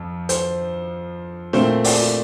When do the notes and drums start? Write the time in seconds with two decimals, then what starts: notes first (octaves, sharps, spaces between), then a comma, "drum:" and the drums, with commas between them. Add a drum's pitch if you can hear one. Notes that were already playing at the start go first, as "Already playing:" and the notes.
Already playing: F2 F3
0.29 C5, drum: hi-hat
1.53 A#2 A3 C4 C5, drum: snare
1.84 D5, drum: open hi-hat